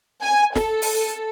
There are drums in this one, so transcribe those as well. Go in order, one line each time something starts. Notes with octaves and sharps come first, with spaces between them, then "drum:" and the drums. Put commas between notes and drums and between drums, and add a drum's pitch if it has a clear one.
G#5
A4, drum: snare
drum: open hi-hat